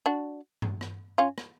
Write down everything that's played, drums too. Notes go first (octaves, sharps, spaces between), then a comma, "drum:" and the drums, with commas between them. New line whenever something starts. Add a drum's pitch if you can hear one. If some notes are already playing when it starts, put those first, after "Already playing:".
D4 F#4
drum: tom G2
drum: rim click
C#4 F4
drum: rim click